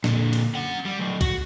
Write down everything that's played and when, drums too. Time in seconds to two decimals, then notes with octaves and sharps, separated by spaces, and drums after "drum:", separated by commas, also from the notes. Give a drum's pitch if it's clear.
0.04 A#2 D3, drum: snare
0.33 drum: cymbal
0.55 C#4 F#5
0.86 G3
1.00 F#3 A3
1.21 F#4, drum: kick B1, cymbal